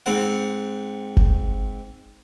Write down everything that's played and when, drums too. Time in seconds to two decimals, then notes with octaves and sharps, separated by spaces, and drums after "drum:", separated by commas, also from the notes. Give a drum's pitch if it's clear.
0.06 G#2 C4 F#5
1.17 drum: kick F#1